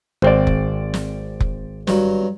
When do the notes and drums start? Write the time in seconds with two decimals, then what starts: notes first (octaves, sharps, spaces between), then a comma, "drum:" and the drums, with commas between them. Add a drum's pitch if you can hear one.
0.22 G#1 C4 C5 D5
0.47 drum: kick F1
0.94 drum: snare
1.40 drum: kick F1
1.87 G2 F#3, drum: snare